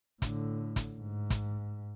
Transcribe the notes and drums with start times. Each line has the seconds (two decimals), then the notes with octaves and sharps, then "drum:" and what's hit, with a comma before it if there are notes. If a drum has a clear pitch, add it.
0.22 A2 D3, drum: kick, hi-hat
0.76 drum: kick, hi-hat
1.00 G#2
1.30 drum: kick, hi-hat